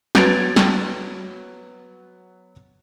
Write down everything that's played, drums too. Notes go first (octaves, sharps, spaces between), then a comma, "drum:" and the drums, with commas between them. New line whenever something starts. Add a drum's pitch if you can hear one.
F#3 B3 G#6 A6 D7 F7, drum: snare
drum: snare